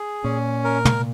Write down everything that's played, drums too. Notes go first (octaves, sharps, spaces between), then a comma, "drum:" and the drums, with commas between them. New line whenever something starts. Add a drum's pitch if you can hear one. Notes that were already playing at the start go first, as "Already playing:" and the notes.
Already playing: G#4
A#2 C#4
A#4
drum: tom